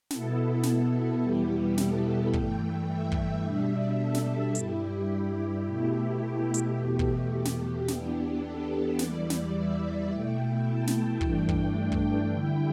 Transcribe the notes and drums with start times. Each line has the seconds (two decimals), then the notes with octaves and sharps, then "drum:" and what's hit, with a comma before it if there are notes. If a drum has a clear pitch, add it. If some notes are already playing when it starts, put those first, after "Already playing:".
0.10 B2 B3 E4 A4, drum: snare
0.63 drum: snare
1.22 E2 B2 G3 B3 E4 G4
1.78 A4, drum: snare
2.33 G2 E3 A3 G5, drum: kick
2.88 E5
3.12 drum: kick
3.44 B2 G3 D4
4.00 A4
4.14 drum: snare
4.55 G2 G3 E4 G4, drum: hi-hat
5.66 B2 A3 E4
6.22 G4
6.54 drum: hi-hat
6.77 E2 B2 A3 G4
6.99 drum: kick
7.45 drum: snare
7.88 E2 E3 B3 D4, drum: snare
8.43 A4
8.99 E2 E3 G3 D5, drum: snare
9.30 drum: snare
9.55 E5
10.10 B2 A3 E4 G5
10.66 A5
10.87 drum: snare
11.21 G2 E3 A3 D4 G5, drum: kick
11.49 drum: kick
11.92 drum: kick
12.32 D3 G3 E4